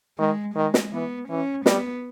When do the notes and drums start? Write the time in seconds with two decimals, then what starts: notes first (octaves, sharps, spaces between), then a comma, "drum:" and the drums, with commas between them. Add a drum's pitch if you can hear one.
0.18 D#3 G#3
0.55 D#3 G#3
0.74 drum: snare
0.92 E3 B3
1.29 E3 C#4
1.66 G3 B3, drum: snare